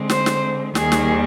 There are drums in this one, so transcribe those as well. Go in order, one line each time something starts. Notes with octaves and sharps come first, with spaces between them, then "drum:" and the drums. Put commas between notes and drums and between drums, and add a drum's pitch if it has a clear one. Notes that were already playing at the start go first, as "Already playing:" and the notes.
Already playing: D3 G#3 C4
C5, drum: snare
drum: snare
D#2 D#3 G3 G#4, drum: snare
drum: snare